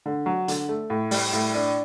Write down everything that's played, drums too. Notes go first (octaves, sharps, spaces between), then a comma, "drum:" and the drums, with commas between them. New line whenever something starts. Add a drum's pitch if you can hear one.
D3
F#3
D3, drum: hi-hat
A3
A2
G3, drum: open hi-hat
A2
D4